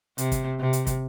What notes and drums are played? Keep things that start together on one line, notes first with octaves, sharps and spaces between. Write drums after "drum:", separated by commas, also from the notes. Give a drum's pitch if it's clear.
C3, drum: hi-hat
drum: kick, hi-hat
C3
drum: hi-hat
drum: kick, hi-hat